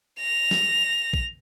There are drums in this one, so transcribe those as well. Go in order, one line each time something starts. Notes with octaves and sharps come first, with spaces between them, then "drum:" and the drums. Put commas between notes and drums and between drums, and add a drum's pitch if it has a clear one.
A#6 F7
drum: snare
drum: kick